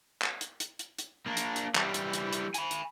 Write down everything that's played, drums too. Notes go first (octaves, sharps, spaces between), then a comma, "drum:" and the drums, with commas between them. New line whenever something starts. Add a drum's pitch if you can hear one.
drum: clap
drum: hi-hat
drum: hi-hat
drum: hi-hat
drum: hi-hat
A#3 D4
drum: hi-hat
drum: hi-hat
E3 G3, drum: clap
drum: hi-hat
drum: hi-hat
drum: hi-hat
G#5 B5, drum: hi-hat
drum: hi-hat